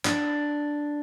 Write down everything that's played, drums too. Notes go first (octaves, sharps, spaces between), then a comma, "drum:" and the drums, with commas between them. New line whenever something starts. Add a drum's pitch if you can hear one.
D4, drum: clap